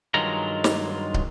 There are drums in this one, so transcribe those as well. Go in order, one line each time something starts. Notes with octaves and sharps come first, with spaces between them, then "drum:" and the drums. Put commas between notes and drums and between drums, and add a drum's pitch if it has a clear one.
G2 D#3 F#3 G#3 F4 A#5
drum: snare
drum: kick